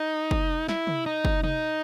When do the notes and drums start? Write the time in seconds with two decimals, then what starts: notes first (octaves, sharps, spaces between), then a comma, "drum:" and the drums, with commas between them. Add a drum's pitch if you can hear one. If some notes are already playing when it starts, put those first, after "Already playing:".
Already playing: D#4
0.31 drum: kick
0.69 E4, drum: snare
0.87 drum: tom
1.06 D#4
1.25 drum: kick
1.44 D#4, drum: tom